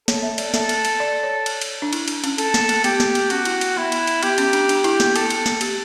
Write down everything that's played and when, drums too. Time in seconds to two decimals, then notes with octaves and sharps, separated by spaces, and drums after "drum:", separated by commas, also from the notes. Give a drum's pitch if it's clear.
0.08 A4 C#5, drum: snare
0.23 E5
0.38 D5, drum: cymbal
0.54 A4 E5, drum: snare
0.69 drum: cymbal
0.85 drum: cymbal
1.00 D5
1.23 C#5
1.46 drum: cymbal
1.61 drum: cymbal
1.82 D4
1.93 E4, drum: cymbal
2.08 D4, drum: cymbal
2.24 C#4, drum: cymbal
2.38 C#4 A4, drum: cymbal
2.54 B3, drum: snare
2.69 A3, drum: cymbal
2.84 B3 G4, drum: cymbal
3.00 drum: snare
3.15 drum: cymbal
3.30 C#4 F#4, drum: cymbal
3.45 E4, drum: cymbal
3.61 drum: cymbal
3.76 B3 E4
3.92 drum: cymbal
4.07 drum: cymbal
4.23 B3 G4, drum: cymbal
4.38 C#4, drum: cymbal
4.53 D4, drum: cymbal
4.69 D4, drum: cymbal
4.84 E4, drum: cymbal
5.00 B3, drum: snare
5.16 A4, drum: cymbal
5.30 drum: cymbal
5.46 drum: snare
5.61 G4, drum: cymbal